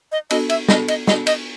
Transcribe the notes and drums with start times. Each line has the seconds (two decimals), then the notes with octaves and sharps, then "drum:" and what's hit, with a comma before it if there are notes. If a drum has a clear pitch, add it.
0.12 D#5
0.30 B3 D4 F#4 A4 D#5, drum: cymbal
0.49 E5, drum: cymbal
0.69 B3 D4 F#4 A4 D#5, drum: snare
0.88 D#5, drum: cymbal
1.07 B3 D4 F#4 A4 D#5, drum: snare
1.27 D#5, drum: cymbal